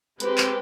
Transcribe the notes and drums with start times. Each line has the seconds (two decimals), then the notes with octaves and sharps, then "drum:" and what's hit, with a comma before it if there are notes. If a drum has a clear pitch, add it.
0.20 G#3 C4 G4 B4, drum: hi-hat
0.38 drum: clap